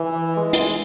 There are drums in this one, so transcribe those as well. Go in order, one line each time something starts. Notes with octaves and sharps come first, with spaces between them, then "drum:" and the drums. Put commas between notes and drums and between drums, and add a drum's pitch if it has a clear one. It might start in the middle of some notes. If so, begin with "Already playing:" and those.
Already playing: E3
G#3
drum: hi-hat